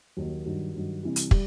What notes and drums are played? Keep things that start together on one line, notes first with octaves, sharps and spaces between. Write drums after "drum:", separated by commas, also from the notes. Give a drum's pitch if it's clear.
D#2 D#3 F#3
G2 D#3 F#3
G2 D#3 F#3
C3 E3 G3
drum: hi-hat
G3, drum: kick